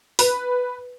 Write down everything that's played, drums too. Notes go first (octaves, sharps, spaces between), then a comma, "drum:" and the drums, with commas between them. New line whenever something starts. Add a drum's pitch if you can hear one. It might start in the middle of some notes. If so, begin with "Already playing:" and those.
B4, drum: open hi-hat